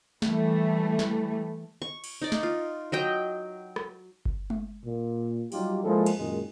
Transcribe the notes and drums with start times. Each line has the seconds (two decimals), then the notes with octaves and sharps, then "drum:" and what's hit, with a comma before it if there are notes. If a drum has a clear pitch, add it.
0.22 E3 G3 A3, drum: snare
0.99 drum: snare
1.82 C#6
2.04 drum: cymbal
2.22 D#4 D5
2.32 drum: snare
2.43 F4
2.92 F#3 D#5 G5
3.76 drum: rim click
4.25 drum: kick G1
4.50 drum: tom G#3
4.84 A#2
5.52 F#3 G3 D#4 F4 G4, drum: open hi-hat
5.84 F3 G#3 A#3 E4 G#4 A4
6.06 drum: cymbal
6.18 F#2 A#2 D#3 G#3